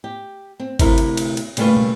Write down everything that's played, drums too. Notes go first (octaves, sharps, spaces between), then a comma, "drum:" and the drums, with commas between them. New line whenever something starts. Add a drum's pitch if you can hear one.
G4
C4
D2 C3 A3 E4 A#4, drum: kick, cymbal
drum: cymbal
drum: cymbal
drum: cymbal
C#3 G3 A3 A#3 F4 B4, drum: cymbal
drum: tom